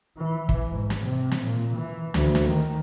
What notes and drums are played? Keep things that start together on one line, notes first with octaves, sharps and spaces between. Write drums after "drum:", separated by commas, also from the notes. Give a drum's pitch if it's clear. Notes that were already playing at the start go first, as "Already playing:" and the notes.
E3
drum: kick
G#2
drum: snare
C3
drum: snare
A#2
E3
D2, drum: snare
drum: snare
D#3